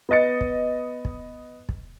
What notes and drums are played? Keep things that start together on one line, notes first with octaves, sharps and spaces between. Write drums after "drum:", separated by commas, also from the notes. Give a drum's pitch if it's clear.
B3 B4 D#5 A6 C#7
drum: kick
drum: kick
drum: kick